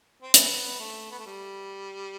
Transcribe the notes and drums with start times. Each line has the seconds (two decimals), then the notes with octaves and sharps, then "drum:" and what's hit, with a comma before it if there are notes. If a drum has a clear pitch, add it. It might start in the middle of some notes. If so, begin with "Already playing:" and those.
0.22 C4
0.34 B3, drum: hi-hat
0.80 A3
1.11 B3
1.19 A3
1.26 G3